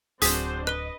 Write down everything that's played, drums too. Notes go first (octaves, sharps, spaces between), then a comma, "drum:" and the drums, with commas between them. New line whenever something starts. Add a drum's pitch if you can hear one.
D1 C4 D4 F#4 G#4 C5 D#6 B6, drum: hi-hat
B4 D#5 F#6 G7